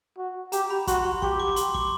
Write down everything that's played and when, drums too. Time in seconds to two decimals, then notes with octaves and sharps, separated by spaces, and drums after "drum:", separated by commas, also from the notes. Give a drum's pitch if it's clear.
0.18 F#4
0.52 G4 A#5, drum: hi-hat
0.70 B5
0.87 F#4 C6, drum: kick, hi-hat
1.05 C#6
1.22 G4 C#6, drum: kick
1.40 D6
1.56 C6, drum: hi-hat
1.74 D6, drum: kick